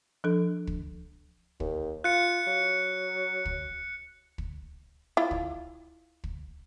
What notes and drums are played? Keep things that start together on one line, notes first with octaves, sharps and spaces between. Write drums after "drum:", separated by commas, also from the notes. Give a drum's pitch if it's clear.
F3 D4 A4
drum: kick
D#2, drum: kick
F4 F#6 C#7
F#3
drum: kick
drum: kick
E4 F4
drum: kick
drum: kick